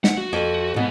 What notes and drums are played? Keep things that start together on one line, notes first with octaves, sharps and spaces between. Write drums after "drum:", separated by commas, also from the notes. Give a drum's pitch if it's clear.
F#5, drum: snare
F#4
F2
B1 G#2 B3